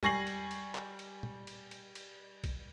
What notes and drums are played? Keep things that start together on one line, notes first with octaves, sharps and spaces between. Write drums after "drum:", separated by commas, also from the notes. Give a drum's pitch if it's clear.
G3 G#5 C#6 A#6 C7 F#7, drum: tom E2
drum: cymbal
drum: cymbal
drum: clap
drum: cymbal
drum: tom A#2
drum: cymbal
drum: cymbal
drum: cymbal
drum: kick, cymbal